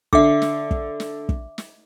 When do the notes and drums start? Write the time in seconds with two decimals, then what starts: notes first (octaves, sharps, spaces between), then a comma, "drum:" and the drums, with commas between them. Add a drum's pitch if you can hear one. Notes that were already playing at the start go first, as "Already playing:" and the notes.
0.13 D3 E5 D6, drum: kick
0.42 drum: snare
0.71 drum: kick
1.00 drum: snare
1.29 drum: kick
1.58 drum: snare